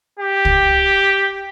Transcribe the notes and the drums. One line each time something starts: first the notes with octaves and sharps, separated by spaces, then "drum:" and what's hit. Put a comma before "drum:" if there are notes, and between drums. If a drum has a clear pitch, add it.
G4
drum: kick